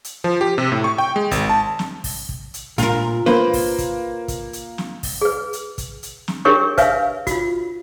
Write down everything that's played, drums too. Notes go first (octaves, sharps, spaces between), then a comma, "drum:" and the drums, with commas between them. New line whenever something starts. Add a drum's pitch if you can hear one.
drum: hi-hat
F3
G4
C3
A2
C#6
G5
G#3
G#1, drum: kick, hi-hat
A5
drum: snare
drum: kick, open hi-hat
drum: kick
drum: hi-hat
A#2 F4 A#4, drum: kick, hi-hat
A#3 B4 C5, drum: snare
drum: kick, open hi-hat
drum: kick, hi-hat
drum: kick, hi-hat
drum: hi-hat
drum: snare
drum: kick, open hi-hat
G#4 B4
drum: hi-hat
drum: kick, hi-hat
drum: hi-hat
drum: snare
D4 G4 G#4 A#4 C#5 C#6
B4 C#5 E5 F5 G#5, drum: kick, hi-hat
F4 F#4, drum: kick, hi-hat